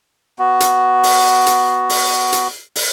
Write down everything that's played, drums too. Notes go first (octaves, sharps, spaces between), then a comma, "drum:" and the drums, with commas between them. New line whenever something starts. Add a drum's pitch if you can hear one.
B3 F#4
drum: hi-hat
drum: open hi-hat
drum: hi-hat
drum: open hi-hat
drum: hi-hat
drum: open hi-hat